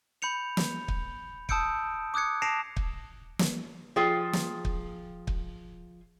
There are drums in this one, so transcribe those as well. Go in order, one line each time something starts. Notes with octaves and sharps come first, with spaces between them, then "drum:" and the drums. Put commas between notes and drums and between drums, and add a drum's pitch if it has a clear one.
B5 G6 C#7 F7
drum: snare
drum: kick
A5 D#6 E6 G6 C#7 D7, drum: kick
D6 D#6 F#6 G#6 C#7
A5 A#6 C7 D7 E7 F7
drum: kick
drum: snare
F3 F4 G#4 G5
drum: snare
drum: kick
drum: kick